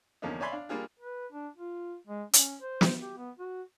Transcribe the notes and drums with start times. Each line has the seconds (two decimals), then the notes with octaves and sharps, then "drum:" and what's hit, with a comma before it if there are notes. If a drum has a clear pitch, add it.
0.22 E2 D3 F3 A#3 C#4 D#4
0.40 C#5 D5 E5 G#5 B5 C6
0.52 D4 F5
0.69 G3 A#3 D4 F4 G#4
1.00 B4
1.32 D4
1.56 F4
2.07 G#3
2.33 C#4, drum: hi-hat
2.62 C5
2.81 drum: snare
3.01 G4
3.17 B3
3.39 F#4